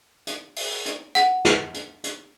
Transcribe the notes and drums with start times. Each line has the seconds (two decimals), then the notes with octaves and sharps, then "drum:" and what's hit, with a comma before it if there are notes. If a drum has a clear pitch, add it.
0.27 drum: hi-hat
0.56 drum: open hi-hat
0.86 drum: hi-hat
1.15 F#5, drum: hi-hat
1.45 drum: snare
1.74 drum: hi-hat
2.04 drum: hi-hat